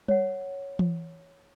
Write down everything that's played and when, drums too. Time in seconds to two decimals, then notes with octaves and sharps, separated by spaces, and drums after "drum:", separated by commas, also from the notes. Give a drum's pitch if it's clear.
0.08 C#5 F#5, drum: tom G3
0.79 drum: tom E3